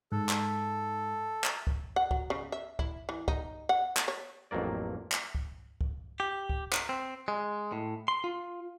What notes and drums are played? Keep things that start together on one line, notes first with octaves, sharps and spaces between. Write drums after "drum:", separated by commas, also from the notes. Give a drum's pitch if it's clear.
G#2 A4
drum: clap
drum: clap
drum: kick
F#5
F#3, drum: kick
C#3
E5
E4, drum: kick
E3
D#4, drum: kick
F#5
drum: clap
C#5
A1 F2 F#3 A#3 D5
drum: clap
drum: kick
drum: kick
G4
drum: kick
drum: clap
C4
G#3
A2
C6
F4